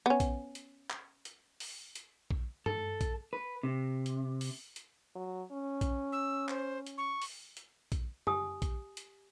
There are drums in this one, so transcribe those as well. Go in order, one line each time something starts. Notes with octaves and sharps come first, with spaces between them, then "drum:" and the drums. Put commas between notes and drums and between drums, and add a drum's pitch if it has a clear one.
B3 C#4
drum: kick A#1, hi-hat
drum: hi-hat
drum: clap
drum: hi-hat
drum: open hi-hat
drum: hi-hat
drum: kick A#1
A4, drum: tom G2
drum: kick A#1, hi-hat
B4
C3
drum: hi-hat
drum: open hi-hat
drum: hi-hat
F#3
C#4
drum: kick A#1, hi-hat
E6
C5, drum: clap
drum: hi-hat
C#6
drum: open hi-hat
drum: hi-hat
drum: kick A#1, hi-hat
G4 G#5 D#6, drum: tom F#2
drum: kick A#1, hi-hat
drum: hi-hat